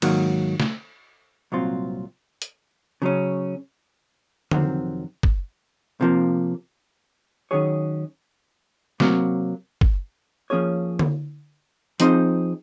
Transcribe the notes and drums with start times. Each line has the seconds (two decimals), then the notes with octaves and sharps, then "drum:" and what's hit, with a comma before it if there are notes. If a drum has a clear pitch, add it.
0.02 G#2 D#3 F#3 A#3, drum: cymbal
0.60 drum: snare
1.52 C2 A#2 F#3 C4 F4
2.42 drum: hi-hat
3.02 C#3 F#3 C#4
4.51 F2 C3 D#3 F#3 C4, drum: tom D3
5.23 drum: kick
6.01 C3 F3 A#3
7.51 D#3 F#3 C#4 G#4 C#5
9.00 C3 F#3 A#3, drum: snare
9.81 drum: kick
10.50 F3 A#3 C#4 G#4 C#5
10.99 drum: tom D3
12.00 F3 C4 D#4 G#4 C5, drum: hi-hat